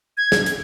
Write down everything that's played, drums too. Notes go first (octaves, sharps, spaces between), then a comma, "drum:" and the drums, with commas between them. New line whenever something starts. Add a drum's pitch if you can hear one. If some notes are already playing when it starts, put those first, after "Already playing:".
G#6
drum: snare
drum: hi-hat